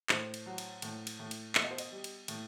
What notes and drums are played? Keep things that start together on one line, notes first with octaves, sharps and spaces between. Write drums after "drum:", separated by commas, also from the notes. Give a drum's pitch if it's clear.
A2 C5, drum: clap
drum: cymbal
F#3
drum: cymbal
A2, drum: cymbal
drum: cymbal
A2
drum: cymbal
B2 E5, drum: clap
D#5
C5
D#5, drum: cymbal
G3
drum: cymbal
A2, drum: cymbal